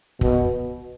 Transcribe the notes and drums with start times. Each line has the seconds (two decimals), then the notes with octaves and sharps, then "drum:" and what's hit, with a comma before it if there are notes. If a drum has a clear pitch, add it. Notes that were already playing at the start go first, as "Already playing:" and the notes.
0.21 B2, drum: kick